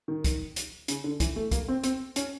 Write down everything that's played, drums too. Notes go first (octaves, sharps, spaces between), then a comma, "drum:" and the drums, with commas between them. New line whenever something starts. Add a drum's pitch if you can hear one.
D#3
drum: kick, hi-hat
drum: hi-hat
C#3, drum: hi-hat
D3
E3, drum: kick, hi-hat
A3
A#3, drum: kick, hi-hat
C4
C4, drum: hi-hat
C#4, drum: hi-hat